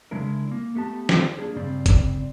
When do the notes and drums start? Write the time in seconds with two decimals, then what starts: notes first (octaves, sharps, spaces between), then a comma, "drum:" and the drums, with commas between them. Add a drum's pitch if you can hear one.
0.11 C#3 G#3 D4 E4 A#4
0.51 A#3
0.75 A3 B3 G4 A5
1.09 drum: snare
1.39 A#3 D4 G#4
1.55 G2 C#3 G3 C4 D5
1.86 drum: kick, hi-hat